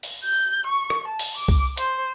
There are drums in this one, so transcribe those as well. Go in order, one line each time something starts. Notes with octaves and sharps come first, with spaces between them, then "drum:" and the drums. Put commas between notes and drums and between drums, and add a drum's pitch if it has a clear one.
drum: open hi-hat
G6
C#6
drum: rim click
A5
drum: open hi-hat
D6
drum: kick
C5, drum: hi-hat